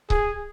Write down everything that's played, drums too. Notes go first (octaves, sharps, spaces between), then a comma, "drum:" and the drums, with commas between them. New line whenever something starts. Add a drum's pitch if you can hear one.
G#4, drum: kick C#1